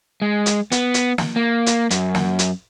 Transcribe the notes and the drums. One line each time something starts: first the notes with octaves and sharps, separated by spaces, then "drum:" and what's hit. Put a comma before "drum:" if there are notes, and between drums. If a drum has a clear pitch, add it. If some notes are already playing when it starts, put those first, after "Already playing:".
G#3
drum: hi-hat
B3, drum: hi-hat
drum: hi-hat
drum: snare
A#3
drum: hi-hat
F#2, drum: hi-hat
drum: snare
drum: hi-hat